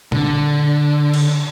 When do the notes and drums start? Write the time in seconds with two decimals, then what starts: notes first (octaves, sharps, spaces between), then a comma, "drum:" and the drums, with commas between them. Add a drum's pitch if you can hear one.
0.12 D3, drum: tom A#2
1.14 drum: cymbal